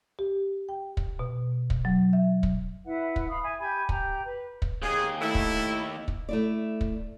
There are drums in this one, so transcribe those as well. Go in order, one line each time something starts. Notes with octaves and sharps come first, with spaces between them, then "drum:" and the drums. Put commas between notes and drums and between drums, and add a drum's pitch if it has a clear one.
G4
G5
drum: kick
B2
drum: kick
F#3
E5
drum: kick
E4 B4 E5 F#5
drum: kick
F5 B5 D#6
E5 G#5 D#6
G4 G#5 B5
G4 A#5, drum: kick
B4
drum: kick
D#2 G#4
A3 E4
drum: kick
drum: kick
A3 E4 D5
drum: kick